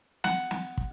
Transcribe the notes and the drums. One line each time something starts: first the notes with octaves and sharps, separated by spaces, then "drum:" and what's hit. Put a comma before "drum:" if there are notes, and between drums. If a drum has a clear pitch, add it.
F#5, drum: snare
drum: snare
drum: kick